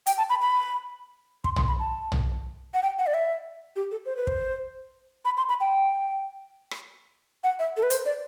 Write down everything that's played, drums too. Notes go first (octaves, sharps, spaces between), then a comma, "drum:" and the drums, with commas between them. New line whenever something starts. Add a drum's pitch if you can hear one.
G5, drum: hi-hat
A5
B5
B5
C6, drum: kick
C6, drum: tom
B5
A5
drum: tom
F#5
G5
F#5
D5
E5
G4
A4
C5
B4
C5, drum: kick
B5
C6
B5
G5
drum: rim click
F#5
E5
A4
B4
C5, drum: hi-hat
D5